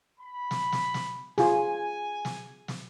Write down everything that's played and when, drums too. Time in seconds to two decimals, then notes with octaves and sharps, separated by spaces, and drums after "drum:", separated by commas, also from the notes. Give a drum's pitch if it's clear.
0.20 B5
0.51 drum: snare
0.72 drum: snare
0.94 drum: snare
1.38 F4 G#4 G#5, drum: snare
2.25 drum: snare
2.68 drum: snare